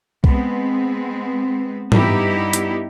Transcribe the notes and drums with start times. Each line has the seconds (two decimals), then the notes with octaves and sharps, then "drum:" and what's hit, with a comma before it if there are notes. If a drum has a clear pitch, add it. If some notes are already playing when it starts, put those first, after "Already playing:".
0.24 G#3 B3 C4, drum: kick
1.92 G2 G3 B3 D#4 E4 G4, drum: tom
2.53 drum: hi-hat